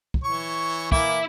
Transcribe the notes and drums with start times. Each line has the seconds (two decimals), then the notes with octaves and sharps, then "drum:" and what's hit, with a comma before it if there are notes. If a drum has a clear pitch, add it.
0.14 drum: kick
0.23 E3 C#5 C#6
0.92 E3 A#3 E4 E5 D6, drum: kick